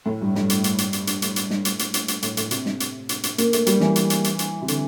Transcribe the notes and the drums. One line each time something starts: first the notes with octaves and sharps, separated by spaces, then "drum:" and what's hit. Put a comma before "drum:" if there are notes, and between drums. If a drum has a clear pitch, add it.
A2
G2
G2, drum: snare
drum: hi-hat
drum: hi-hat
drum: hi-hat
drum: hi-hat
drum: hi-hat
A2, drum: hi-hat
drum: hi-hat
drum: snare
drum: hi-hat
drum: hi-hat
drum: hi-hat
drum: hi-hat
A2, drum: hi-hat
A2, drum: hi-hat
C3, drum: hi-hat
drum: snare
drum: hi-hat
drum: hi-hat
drum: hi-hat
A#3, drum: hi-hat
A3, drum: hi-hat
G3, drum: hi-hat
E3, drum: snare
drum: hi-hat
drum: hi-hat
drum: hi-hat
drum: hi-hat
C3
D3, drum: hi-hat